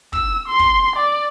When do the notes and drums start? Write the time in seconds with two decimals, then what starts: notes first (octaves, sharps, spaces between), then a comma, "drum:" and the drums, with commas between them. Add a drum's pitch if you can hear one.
0.13 E6, drum: kick
0.48 C6
0.59 drum: kick
0.96 D5